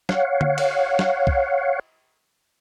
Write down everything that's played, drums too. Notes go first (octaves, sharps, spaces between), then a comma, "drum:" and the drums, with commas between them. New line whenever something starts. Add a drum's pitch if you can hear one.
C#5 F5 F#5, drum: snare
drum: tom D3
drum: cymbal
drum: snare
drum: kick